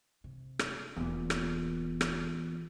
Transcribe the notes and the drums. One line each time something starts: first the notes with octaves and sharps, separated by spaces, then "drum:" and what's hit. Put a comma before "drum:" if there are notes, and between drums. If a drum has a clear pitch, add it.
C3
drum: rim click
E1 E2 A#2 F4
drum: rim click
drum: rim click